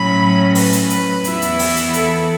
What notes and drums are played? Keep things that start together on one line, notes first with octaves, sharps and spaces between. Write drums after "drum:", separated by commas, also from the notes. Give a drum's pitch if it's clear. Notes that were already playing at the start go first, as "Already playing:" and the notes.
Already playing: A2 F#3 C#4 B5
B4, drum: open hi-hat
drum: hi-hat
drum: hi-hat
E2 E3 B3 E4, drum: hi-hat
drum: hi-hat
drum: open hi-hat
drum: hi-hat
A4, drum: hi-hat